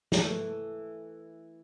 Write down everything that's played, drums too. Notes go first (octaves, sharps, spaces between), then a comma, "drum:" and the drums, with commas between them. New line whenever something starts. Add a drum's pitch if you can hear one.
E3 A3, drum: snare